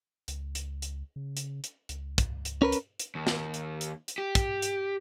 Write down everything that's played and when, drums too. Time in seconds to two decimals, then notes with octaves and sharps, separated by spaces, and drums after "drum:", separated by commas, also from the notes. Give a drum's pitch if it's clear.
0.28 C#2, drum: hi-hat
0.55 drum: hi-hat
0.82 drum: hi-hat
1.16 C#3
1.37 drum: hi-hat
1.64 drum: hi-hat
1.89 C#2, drum: hi-hat
2.18 drum: kick, hi-hat
2.45 drum: hi-hat
2.62 C#4 A#4 B4
2.72 drum: hi-hat
2.99 drum: hi-hat
3.15 D#2
3.27 drum: snare
3.54 drum: hi-hat
3.81 drum: hi-hat
4.08 drum: hi-hat
4.18 G4
4.35 drum: kick, hi-hat
4.62 drum: hi-hat